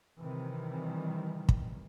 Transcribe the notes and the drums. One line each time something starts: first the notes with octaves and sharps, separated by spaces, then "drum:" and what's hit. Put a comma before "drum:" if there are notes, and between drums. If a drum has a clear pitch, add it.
C3 D#3 E3 G3
drum: kick